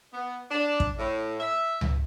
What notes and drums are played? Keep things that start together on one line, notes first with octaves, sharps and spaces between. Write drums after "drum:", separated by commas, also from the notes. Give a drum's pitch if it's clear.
B3
D4
drum: kick
A2
E5
drum: tom C#2